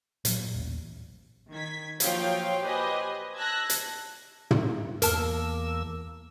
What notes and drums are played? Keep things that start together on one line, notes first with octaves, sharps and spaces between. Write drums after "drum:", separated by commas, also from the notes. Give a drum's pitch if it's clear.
A#2 F#3, drum: hi-hat
A1 D#2
D#3 G#6 B6
A#2 F3 F#3 C#5 F5 G5, drum: hi-hat
G4 B4 C5 D#5 G#5
A5 E6 F#6 G#6 A#6
drum: hi-hat
drum: tom
E2 A#3 A#4 A5 E6 F6, drum: hi-hat